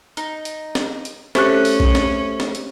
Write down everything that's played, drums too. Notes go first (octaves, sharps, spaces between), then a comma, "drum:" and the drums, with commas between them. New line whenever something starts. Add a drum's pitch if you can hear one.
D#4, drum: hi-hat
drum: hi-hat
drum: snare
drum: hi-hat
A3 C#4 G4 C5 G#5 F#6, drum: snare
drum: open hi-hat
drum: kick B1
drum: snare
drum: snare
drum: hi-hat